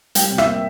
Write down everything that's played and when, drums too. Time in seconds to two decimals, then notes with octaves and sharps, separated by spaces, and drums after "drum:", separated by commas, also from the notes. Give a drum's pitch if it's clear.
0.15 G3 G5, drum: hi-hat
0.30 C3
0.38 E5, drum: rim click
0.46 A#3